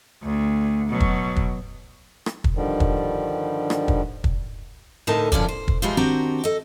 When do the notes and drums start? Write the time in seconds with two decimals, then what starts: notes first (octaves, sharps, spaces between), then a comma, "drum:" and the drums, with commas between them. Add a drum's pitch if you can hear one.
0.23 D2
0.89 B2 F#3
1.00 drum: kick
1.36 drum: kick
2.26 drum: rim click
2.44 drum: kick
2.55 G2 D3 D#3 F3 G3
2.80 drum: kick
3.70 drum: rim click
3.88 drum: kick
4.24 drum: kick
5.07 D2 A2 D3 D#4 A#4 A5
5.32 F#2 D3 F3 B3 C#4 D5, drum: kick
5.49 C5
5.68 drum: kick
5.82 E3 F3 G3 G#3 D#4 F4
5.97 D#3 C4 D4 F#4 G4 A#5
6.44 A4 D#5